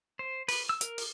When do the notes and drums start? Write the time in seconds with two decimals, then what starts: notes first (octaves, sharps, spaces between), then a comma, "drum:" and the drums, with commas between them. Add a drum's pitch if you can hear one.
0.19 C5
0.48 B4, drum: open hi-hat
0.69 E6
0.81 A#4, drum: hi-hat
0.98 drum: open hi-hat